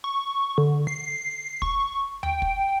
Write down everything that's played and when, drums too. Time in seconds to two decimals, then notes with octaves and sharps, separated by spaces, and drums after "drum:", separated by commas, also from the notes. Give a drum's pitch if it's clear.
0.04 C#6
0.58 D3
0.87 C7
1.62 C#6, drum: kick
2.23 G5, drum: tom D#2
2.42 drum: kick